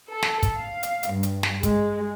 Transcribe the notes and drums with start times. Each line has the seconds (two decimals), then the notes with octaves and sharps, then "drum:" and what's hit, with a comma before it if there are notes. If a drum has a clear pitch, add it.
0.10 A4
0.23 drum: snare
0.43 drum: kick, hi-hat
0.56 F5
0.83 drum: hi-hat
1.03 drum: hi-hat
1.12 G2
1.23 drum: hi-hat
1.43 drum: snare
1.63 G#3, drum: kick, hi-hat